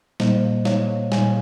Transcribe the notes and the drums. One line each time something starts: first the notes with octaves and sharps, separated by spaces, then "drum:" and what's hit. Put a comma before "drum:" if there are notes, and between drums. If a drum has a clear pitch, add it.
A#2 G3 A#3 C5 D#5, drum: snare
C#5 F5, drum: snare
A#2 G3 A#3 F5 G#5, drum: snare